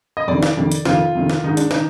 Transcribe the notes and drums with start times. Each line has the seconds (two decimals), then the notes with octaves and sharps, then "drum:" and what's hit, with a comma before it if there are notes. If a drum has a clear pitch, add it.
0.17 D#5
0.27 F2 C3 D#3 D5
0.43 drum: snare
0.57 F2 C3 D#3
0.72 drum: hi-hat
0.85 F2 C3 D#3 F4, drum: snare
1.15 F2 C3 D#3
1.30 drum: snare
1.44 G#2 D#3 D#4
1.57 D4, drum: hi-hat
1.71 D#3 D#4, drum: snare